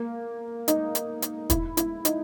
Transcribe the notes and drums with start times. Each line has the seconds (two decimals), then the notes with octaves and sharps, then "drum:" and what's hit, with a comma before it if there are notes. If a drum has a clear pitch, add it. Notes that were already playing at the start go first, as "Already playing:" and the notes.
Already playing: A#3
0.68 D#4, drum: hi-hat
0.95 drum: hi-hat
1.22 drum: hi-hat
1.50 E4, drum: kick, hi-hat
1.77 E4, drum: hi-hat
2.05 D#4, drum: hi-hat